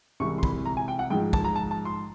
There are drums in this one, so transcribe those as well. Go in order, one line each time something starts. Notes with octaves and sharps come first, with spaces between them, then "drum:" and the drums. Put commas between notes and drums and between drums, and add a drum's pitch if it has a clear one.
C2 C3 E3 G#3 C#6
C6
B5, drum: kick
A#5
G#5
G5
F#5
G#2 F3 G#3 G5
A5, drum: kick
A#5
A5
A5
C6